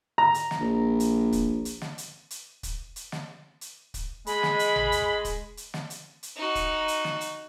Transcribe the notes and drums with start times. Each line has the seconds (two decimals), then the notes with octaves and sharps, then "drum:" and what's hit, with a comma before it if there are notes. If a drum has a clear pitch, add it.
0.18 A#5
0.34 drum: hi-hat
0.51 drum: snare
0.60 A#1
1.00 drum: hi-hat
1.32 drum: kick, hi-hat
1.65 drum: hi-hat
1.81 drum: snare
1.98 drum: hi-hat
2.31 drum: hi-hat
2.63 drum: kick, hi-hat
2.96 drum: hi-hat
3.12 drum: snare
3.61 drum: hi-hat
3.94 drum: kick, hi-hat
4.27 G#3 B5, drum: hi-hat
4.43 drum: snare
4.59 drum: hi-hat
4.76 drum: tom G#1
4.92 drum: hi-hat
5.25 drum: kick, hi-hat
5.57 drum: hi-hat
5.74 drum: snare
5.90 drum: hi-hat
6.23 drum: hi-hat
6.36 D#4 F#4
6.55 drum: kick, hi-hat
6.88 drum: hi-hat
7.04 drum: snare
7.21 drum: hi-hat